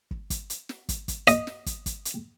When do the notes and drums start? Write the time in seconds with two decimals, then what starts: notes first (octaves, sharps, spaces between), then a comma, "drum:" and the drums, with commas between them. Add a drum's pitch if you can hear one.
0.11 drum: kick
0.30 drum: kick, hi-hat
0.50 drum: hi-hat
0.69 drum: snare
0.89 drum: kick, hi-hat
1.08 drum: kick, hi-hat
1.27 D#5, drum: hi-hat
1.47 drum: snare
1.66 drum: kick, hi-hat
1.86 drum: kick, hi-hat
2.05 drum: hi-hat